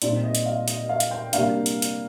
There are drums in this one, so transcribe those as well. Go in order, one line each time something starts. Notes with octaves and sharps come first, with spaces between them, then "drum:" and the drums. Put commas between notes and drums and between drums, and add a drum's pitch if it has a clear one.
A#2 G3 C4 D#4 D5, drum: hi-hat
D#5
drum: hi-hat
F5
D#5, drum: hi-hat
F5
drum: hi-hat
G5
C3 G3 A#3 D4 F5, drum: hi-hat
drum: hi-hat
drum: hi-hat